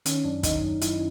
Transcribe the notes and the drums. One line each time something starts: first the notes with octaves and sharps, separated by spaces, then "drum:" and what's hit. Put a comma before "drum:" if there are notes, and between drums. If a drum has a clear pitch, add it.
D#3 C#4, drum: hi-hat
F#2 D4
D#3 D#4, drum: kick, hi-hat
F#2
F#2 E4, drum: hi-hat